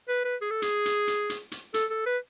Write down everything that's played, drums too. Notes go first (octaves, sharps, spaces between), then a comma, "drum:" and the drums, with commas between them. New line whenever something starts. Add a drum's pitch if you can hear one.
B4
B4
G#4
A4
G#4, drum: hi-hat
drum: hi-hat
drum: hi-hat
drum: hi-hat
drum: hi-hat
A4, drum: hi-hat
A4
B4